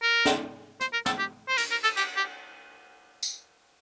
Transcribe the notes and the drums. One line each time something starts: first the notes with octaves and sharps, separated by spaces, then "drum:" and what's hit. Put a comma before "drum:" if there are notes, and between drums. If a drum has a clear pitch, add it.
A#4
drum: snare
C5, drum: hi-hat
A#4
A4, drum: snare
G4
C5
A#4, drum: cymbal
A#4
A4, drum: cymbal
G4, drum: cymbal
G4
drum: tambourine